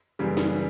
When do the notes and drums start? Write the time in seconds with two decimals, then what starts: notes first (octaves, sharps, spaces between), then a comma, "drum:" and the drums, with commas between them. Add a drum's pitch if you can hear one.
0.19 F#2 C#3 E3 G3
0.37 drum: snare